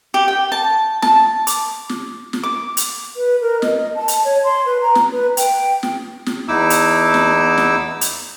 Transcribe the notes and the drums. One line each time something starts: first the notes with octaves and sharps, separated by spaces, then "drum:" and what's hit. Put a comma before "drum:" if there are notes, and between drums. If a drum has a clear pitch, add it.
G4
G5
A5
A5, drum: snare
D6, drum: hi-hat
drum: snare
drum: snare
D6
drum: hi-hat
B4
A#4
D#5, drum: snare
A5
drum: hi-hat
C#5
C6
B4
A#5
drum: snare
B4
G5, drum: hi-hat
drum: snare
drum: snare
E2 D#4 E4 D6 E6
drum: hi-hat
drum: snare
drum: snare
drum: hi-hat